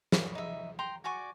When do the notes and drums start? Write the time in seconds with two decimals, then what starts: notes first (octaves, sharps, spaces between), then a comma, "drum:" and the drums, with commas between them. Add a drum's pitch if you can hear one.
0.12 B5, drum: snare
0.35 D#4 E5
0.79 G5 A#5 C6
1.04 F#4 D5 G#5 C#6